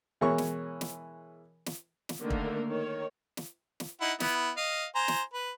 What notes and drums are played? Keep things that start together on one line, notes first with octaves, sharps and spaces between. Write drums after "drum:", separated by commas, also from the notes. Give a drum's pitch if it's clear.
B2 E3 G#3 A#4 C#5 C#6
drum: snare
drum: snare
drum: snare
drum: snare
D3 D#3 A3 A#3 A#4
drum: kick
D#3 C#5
drum: snare
drum: snare
D#4 E4 F#5
B3 E4, drum: snare
D#5 F5
C5 G#5 A#5
drum: snare
B4